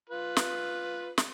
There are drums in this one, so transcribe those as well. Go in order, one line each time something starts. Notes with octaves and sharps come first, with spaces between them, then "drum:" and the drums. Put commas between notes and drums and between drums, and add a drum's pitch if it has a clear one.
F4 B4
drum: snare
drum: snare